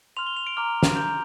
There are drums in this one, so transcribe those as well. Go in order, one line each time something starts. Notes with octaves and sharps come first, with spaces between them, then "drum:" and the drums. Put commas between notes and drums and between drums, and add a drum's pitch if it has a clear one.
C6 F6 F7
G7
F7
D7
A#5 D6 F6
drum: snare
A#5 G6